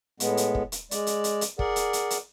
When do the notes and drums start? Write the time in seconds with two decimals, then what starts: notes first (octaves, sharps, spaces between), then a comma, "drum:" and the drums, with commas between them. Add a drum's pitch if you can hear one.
0.20 A2 G#3 B3, drum: hi-hat
0.37 drum: hi-hat
0.55 drum: kick
0.72 drum: hi-hat
0.91 G#3 D5, drum: hi-hat
1.07 drum: hi-hat
1.24 drum: hi-hat
1.41 drum: hi-hat
1.59 G#4 A#4 D5 F#5, drum: kick
1.76 drum: hi-hat
1.93 drum: hi-hat
2.10 drum: hi-hat